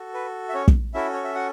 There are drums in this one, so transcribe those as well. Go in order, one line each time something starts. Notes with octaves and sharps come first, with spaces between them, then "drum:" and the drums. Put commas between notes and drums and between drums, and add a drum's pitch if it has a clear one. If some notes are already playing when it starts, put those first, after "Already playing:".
Already playing: F#4 A4
B4
E5
C#4 C#5
drum: kick
C#4 E4 F#4 A4 E5
C#5
E5
F#4 F#5